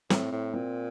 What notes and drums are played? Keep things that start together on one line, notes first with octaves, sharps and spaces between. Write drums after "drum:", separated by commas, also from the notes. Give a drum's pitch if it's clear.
A2 C4, drum: snare
A2
A#2 C4